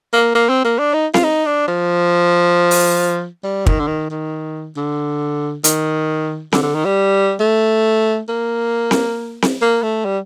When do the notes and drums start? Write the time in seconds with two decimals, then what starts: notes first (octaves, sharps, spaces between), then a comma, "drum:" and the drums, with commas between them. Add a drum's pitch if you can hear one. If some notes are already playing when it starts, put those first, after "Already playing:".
0.13 A#3
0.35 A#3
0.49 C4
0.65 A#3
0.79 D4
0.94 D#4
1.14 F4, drum: snare C4
1.24 D#4
1.46 D4
1.68 F3
2.71 drum: open hi-hat
3.44 G3
3.66 D#3, drum: kick
3.80 D3
3.87 D#3
4.11 D#3
4.77 D3
5.64 D#3, drum: hi-hat
6.53 D3, drum: snare C4
6.63 D3
6.75 D#3
6.85 G3
7.40 A3
8.29 A#3
8.91 drum: snare C4
9.42 drum: snare C4
9.62 A#3
9.83 A3
10.05 G3